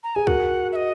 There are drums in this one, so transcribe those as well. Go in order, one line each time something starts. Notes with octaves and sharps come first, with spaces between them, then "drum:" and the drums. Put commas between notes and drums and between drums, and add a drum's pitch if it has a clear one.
A#5
G#4 G#5
F#4 A#4 F#5, drum: kick C#2
E5
D#5